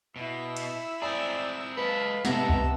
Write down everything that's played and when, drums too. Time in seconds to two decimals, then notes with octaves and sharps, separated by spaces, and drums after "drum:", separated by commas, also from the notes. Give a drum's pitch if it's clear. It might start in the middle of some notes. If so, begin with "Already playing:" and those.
0.16 B2 E4 E6
0.57 drum: cymbal
1.02 C4 G#4 D5 A#5
1.77 G#3 A4 B4 F5
2.25 G#2 C3 B3 A4 F#5 A5 A#5 E6, drum: snare
2.49 drum: kick C#2